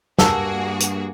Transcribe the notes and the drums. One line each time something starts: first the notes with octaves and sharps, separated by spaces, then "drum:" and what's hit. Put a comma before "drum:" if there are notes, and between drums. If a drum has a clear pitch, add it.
G2 A#3 F#4 G#4 A#4 A5 E6, drum: snare
drum: hi-hat